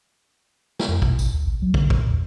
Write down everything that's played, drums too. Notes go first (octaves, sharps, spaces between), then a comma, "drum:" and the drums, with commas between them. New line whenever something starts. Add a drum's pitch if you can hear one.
drum: snare
F2
B2, drum: kick
A1, drum: tambourine
D2
A1
F#3
D3, drum: kick
A#2, drum: kick
E2